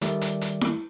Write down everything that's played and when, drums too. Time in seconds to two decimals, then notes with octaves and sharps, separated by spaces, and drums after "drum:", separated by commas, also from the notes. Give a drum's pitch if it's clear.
0.01 D#3 G3 A3 D5, drum: hi-hat
0.21 drum: hi-hat
0.41 drum: hi-hat
0.61 drum: snare E4